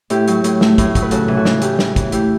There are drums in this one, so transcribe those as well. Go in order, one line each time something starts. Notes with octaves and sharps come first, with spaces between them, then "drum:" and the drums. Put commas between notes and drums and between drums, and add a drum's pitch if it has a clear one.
A2 E4 G4, drum: hi-hat
F#3, drum: hi-hat
A2, drum: hi-hat
A3, drum: snare
A2, drum: kick, hi-hat
F#3, drum: kick, hi-hat
B4
C#3 F#4 A4, drum: hi-hat
E3, drum: tom C3
F#4 A4
C#3, drum: snare
A3 E4 G4, drum: hi-hat
C#3, drum: snare
E3, drum: kick, hi-hat
A3 E4 G4, drum: hi-hat